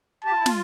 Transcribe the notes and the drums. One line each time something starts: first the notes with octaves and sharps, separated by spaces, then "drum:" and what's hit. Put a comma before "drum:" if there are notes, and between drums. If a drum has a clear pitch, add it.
G4 A5
F4
E4
F4, drum: snare